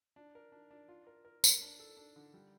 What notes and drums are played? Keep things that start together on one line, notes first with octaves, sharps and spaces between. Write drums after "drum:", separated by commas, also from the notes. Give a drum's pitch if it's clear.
D4
A#4
D4
D4
F4
A#4
A#4
A#4, drum: tambourine
D4
A4
D4
D3
G3